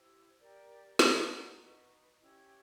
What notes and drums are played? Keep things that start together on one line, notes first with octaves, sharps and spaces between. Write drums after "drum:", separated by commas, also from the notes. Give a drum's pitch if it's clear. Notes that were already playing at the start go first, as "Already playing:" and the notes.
Already playing: E4 G4 C5
G4 A#4 D5
A4 D5 F#5 A#5, drum: snare
D#4 F#4 B4
C#4 E4 G4